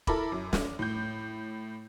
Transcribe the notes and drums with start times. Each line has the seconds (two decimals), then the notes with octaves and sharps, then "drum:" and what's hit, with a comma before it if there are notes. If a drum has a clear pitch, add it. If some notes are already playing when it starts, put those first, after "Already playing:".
0.07 E4 A4 A#4 B5 D6, drum: kick E1
0.32 F#2
0.53 drum: snare
0.79 A2 G6